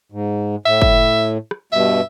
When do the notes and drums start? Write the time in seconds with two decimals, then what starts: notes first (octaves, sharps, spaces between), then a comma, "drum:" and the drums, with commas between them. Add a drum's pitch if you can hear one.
0.12 G#2
0.66 A2 E5
0.82 drum: kick
1.51 drum: rim click
1.72 G2 B2 E5